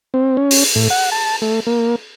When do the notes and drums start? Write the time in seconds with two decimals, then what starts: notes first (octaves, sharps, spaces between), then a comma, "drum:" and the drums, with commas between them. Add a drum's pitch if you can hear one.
0.14 C4
0.37 C#4
0.51 drum: open hi-hat
0.75 A2
0.90 F#5
1.12 A5
1.42 A3
1.67 A#3